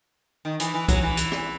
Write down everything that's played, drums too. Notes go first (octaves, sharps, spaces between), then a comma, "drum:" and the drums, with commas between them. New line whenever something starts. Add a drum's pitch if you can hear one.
D#3
E3, drum: hi-hat
E3
F#3, drum: kick B1, hi-hat
E3
drum: hi-hat
drum: rim click